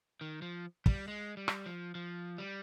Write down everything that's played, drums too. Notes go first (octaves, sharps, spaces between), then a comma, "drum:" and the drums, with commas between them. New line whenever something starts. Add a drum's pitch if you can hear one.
D#3
F3
G3, drum: kick
G#3
G3
drum: rim click
F3
F3
G3